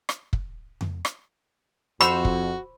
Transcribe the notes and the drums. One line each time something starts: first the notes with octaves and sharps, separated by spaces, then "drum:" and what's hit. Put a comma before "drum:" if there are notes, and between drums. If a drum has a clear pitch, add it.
drum: rim click
drum: kick
drum: tom F2
drum: rim click
F2 F#4 C5 B5 C#6 E6, drum: rim click
drum: kick